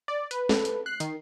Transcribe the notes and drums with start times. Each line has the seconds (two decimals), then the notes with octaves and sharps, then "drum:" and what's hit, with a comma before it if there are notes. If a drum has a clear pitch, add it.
0.08 D5
0.31 B4, drum: hi-hat
0.49 A4, drum: snare
0.65 drum: hi-hat
0.86 F#6 C7
1.00 D#3, drum: hi-hat